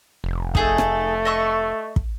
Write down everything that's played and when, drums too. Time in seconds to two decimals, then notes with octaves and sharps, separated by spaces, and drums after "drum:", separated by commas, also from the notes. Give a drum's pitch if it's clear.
0.24 F1
0.55 A3 D#4 G#4 A4, drum: kick
0.78 drum: rim click
1.25 D#5 E5 C#6
1.96 drum: kick